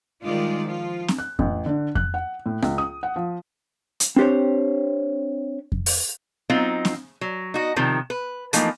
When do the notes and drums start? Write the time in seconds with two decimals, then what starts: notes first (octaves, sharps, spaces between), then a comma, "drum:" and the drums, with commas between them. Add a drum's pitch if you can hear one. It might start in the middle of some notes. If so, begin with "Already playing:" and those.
0.23 D#3 G3 G#3 F4 D5
0.64 F3 F4
1.08 drum: snare C4
1.19 F#6
1.39 A1, drum: kick F2
1.66 D3
1.95 F#6, drum: kick F2
2.14 F#5
2.46 A2
2.62 C#2, drum: rim click
2.78 D#6
3.03 F#5
3.16 F3
4.00 drum: hi-hat
4.16 C4 D4 G4 C5 C#5
5.72 drum: kick F2
5.86 drum: open hi-hat
6.50 F#3 C4 D#4 F4
6.85 drum: snare C4
7.21 F#3
7.54 D#4 F#4
7.76 C3 D#3 F3
8.10 B4
8.53 E3 F3 A3 A#3 D#4, drum: hi-hat